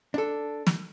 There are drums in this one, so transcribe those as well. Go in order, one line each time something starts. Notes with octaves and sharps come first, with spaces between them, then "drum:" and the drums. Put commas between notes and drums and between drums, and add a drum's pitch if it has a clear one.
D4 A4
drum: snare